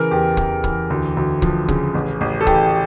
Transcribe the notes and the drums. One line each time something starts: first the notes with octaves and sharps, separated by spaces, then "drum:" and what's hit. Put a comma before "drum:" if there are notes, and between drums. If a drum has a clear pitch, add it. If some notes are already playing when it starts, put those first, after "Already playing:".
Already playing: C#3 E3 A#4
E2 G4
E2 G4, drum: kick
E3, drum: kick
D2
D2
F3, drum: kick
C#3, drum: kick
A1
A1
A4
E3 G4, drum: kick